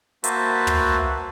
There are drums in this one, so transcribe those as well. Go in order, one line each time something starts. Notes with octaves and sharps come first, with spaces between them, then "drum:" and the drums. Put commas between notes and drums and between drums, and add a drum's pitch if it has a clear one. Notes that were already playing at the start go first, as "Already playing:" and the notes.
A#3 F#4 B4 C5 E5 A5, drum: hi-hat
drum: tom